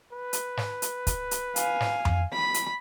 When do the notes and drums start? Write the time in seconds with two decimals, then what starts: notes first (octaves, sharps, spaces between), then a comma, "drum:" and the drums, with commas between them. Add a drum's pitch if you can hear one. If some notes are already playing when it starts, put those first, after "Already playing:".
0.12 B4
0.33 drum: hi-hat
0.57 drum: snare
0.82 drum: hi-hat
1.07 drum: kick, hi-hat
1.31 drum: hi-hat
1.56 F5 G#5, drum: hi-hat
1.80 drum: snare
2.05 drum: tom F2
2.33 B5
2.54 drum: hi-hat